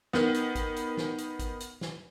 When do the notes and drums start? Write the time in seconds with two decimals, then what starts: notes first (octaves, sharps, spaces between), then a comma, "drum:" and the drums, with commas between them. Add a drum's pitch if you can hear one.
0.13 D#3 B3, drum: snare
0.34 drum: hi-hat
0.55 drum: kick, hi-hat
0.76 drum: hi-hat
0.97 drum: snare
1.18 drum: hi-hat
1.39 drum: kick, hi-hat
1.60 drum: hi-hat
1.81 drum: snare